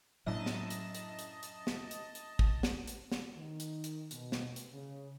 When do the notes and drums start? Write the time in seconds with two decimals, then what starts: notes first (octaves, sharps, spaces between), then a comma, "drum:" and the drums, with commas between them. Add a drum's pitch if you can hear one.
0.26 F#2 A2 F#3 A#3 D4 E4 D#5 A5
0.46 drum: snare
0.70 drum: hi-hat
0.95 drum: hi-hat
1.19 drum: hi-hat
1.43 drum: hi-hat
1.67 drum: snare
1.91 drum: hi-hat
2.15 drum: hi-hat
2.39 drum: kick
2.63 drum: snare
2.87 drum: hi-hat
3.12 drum: snare
3.36 D#3
3.60 drum: hi-hat
3.84 drum: hi-hat
4.11 B2, drum: hi-hat
4.32 drum: snare
4.56 drum: hi-hat
4.73 C#3